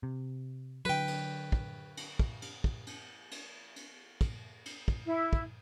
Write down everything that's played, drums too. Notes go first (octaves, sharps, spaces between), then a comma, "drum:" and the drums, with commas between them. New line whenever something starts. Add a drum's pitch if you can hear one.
C3
D3 F#3 B4 G5
drum: cymbal
drum: kick
drum: cymbal
drum: kick
drum: cymbal
drum: kick
drum: cymbal
drum: cymbal
drum: cymbal
drum: kick, cymbal
drum: cymbal
drum: kick
E4
drum: kick